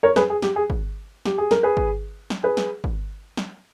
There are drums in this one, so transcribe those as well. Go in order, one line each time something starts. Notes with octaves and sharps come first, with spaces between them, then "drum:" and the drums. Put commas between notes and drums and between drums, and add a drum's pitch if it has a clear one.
A#4 C#5
G#4 B4, drum: snare
G#4
G4, drum: snare
G#4
drum: kick
G4, drum: snare
G#4
A#4, drum: snare
G#4 B4
drum: kick
drum: snare
G#4 B4
drum: snare
drum: kick
drum: snare